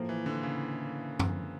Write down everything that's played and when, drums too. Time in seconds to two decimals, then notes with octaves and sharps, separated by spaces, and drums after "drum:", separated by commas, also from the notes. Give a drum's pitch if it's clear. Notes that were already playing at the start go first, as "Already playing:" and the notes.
Already playing: A2 F3 A#3
0.09 E3
0.26 D3
0.43 C#3
1.20 drum: tom F#2